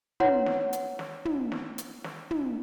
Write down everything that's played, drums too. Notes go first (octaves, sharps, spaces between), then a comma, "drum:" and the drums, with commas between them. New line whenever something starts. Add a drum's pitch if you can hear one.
B4 C#5 F#5 A#5 C6, drum: tom
drum: snare
drum: hi-hat
drum: snare
drum: tom
drum: snare
drum: hi-hat
drum: snare
drum: tom